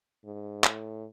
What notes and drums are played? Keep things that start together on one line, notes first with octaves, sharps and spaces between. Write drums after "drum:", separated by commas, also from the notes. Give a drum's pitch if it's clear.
G#2
A2, drum: clap